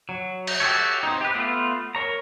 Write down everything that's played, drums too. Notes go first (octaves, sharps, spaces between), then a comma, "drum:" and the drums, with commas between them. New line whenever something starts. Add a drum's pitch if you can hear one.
F#3
drum: cymbal
F#4 G4 A4 C#5
C4 D#4
G4 B4
A3 B3 F4
A#4 C#5 A#5